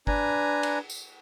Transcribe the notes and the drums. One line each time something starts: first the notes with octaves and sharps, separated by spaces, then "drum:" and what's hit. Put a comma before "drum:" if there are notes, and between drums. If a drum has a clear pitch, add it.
D4 B4 G#5 A#5, drum: kick G1
drum: cymbal
drum: tambourine